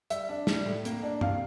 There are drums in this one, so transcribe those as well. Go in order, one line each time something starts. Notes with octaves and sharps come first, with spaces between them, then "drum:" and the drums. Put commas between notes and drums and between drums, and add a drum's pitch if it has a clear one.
G3 E5, drum: hi-hat
D4
G3, drum: snare
A2
A#3, drum: hi-hat
D4
C3 F5, drum: tom G2